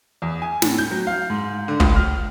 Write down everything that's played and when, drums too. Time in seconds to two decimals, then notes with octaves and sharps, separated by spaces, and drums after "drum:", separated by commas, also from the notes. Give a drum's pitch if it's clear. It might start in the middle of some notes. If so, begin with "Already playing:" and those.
0.22 E2
0.42 G#5
0.62 A2, drum: snare
0.78 G6
0.91 F#3
1.07 F5
1.30 G#2
1.68 D3
1.80 C#2, drum: kick
1.96 F6